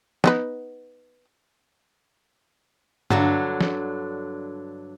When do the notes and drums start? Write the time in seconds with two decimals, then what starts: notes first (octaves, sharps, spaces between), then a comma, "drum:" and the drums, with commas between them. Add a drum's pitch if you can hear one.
0.24 B3 D#4 B4, drum: snare
3.11 G2 D3 F#3 D4, drum: tom G2
3.61 drum: snare